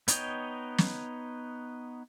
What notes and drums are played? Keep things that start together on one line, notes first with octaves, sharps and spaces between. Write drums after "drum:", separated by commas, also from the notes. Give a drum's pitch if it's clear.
B3 D#4 C#5 D#5 G5, drum: hi-hat
drum: snare